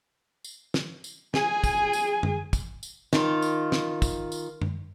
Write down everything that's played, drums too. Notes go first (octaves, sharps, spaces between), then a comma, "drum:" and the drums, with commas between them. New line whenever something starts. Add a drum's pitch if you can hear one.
drum: tambourine
drum: snare
drum: tambourine
G#4 G#5, drum: snare
drum: kick, tambourine
drum: tambourine
drum: tom F#2
drum: kick, tambourine
drum: tambourine
D#3 F4, drum: snare
drum: tambourine
drum: snare
drum: kick, tambourine
drum: tambourine
drum: tom F#2